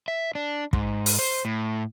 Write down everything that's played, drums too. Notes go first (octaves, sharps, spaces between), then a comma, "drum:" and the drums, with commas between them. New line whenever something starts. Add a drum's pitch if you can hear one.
E5
D4
G#2, drum: kick
drum: open hi-hat
C5
A2